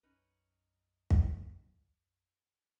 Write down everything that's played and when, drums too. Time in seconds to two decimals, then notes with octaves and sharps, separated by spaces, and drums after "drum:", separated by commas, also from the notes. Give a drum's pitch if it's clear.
0.03 B1 F#2 C#4 D#4 B4
1.10 drum: kick